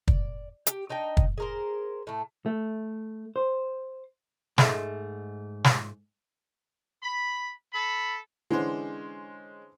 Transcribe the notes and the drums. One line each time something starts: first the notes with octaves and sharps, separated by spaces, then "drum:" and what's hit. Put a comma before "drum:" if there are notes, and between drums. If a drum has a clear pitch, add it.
D5, drum: kick
G4, drum: hi-hat
D4 D#4 D#5 G5
drum: kick
G#4 A#4 C5
A2 A3
A3
C5
G#2 A3, drum: snare
drum: snare
B5
A4 B5
D3 E3 G#3 C#4 C5